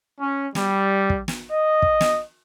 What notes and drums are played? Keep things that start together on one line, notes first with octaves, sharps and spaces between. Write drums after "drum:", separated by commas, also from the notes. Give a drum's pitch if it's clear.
C#4
G3, drum: snare
drum: kick
drum: snare
D#5
drum: kick
drum: snare